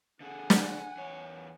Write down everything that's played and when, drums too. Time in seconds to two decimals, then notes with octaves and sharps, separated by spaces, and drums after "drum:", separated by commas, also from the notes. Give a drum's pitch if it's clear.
0.21 D3 G#4 A4 F#5 G#5
0.50 drum: snare
0.97 E2 C#5